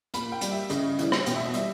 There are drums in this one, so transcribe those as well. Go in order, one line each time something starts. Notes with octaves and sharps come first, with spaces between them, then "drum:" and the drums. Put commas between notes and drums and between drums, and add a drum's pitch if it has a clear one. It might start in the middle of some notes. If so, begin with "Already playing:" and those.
A#2 B5, drum: hi-hat
G5
G3, drum: hi-hat
E5
C#3 D#5, drum: hi-hat
E3 G3, drum: hi-hat
drum: rim click
B2 G5, drum: hi-hat
E5
D#5
G3 E5, drum: hi-hat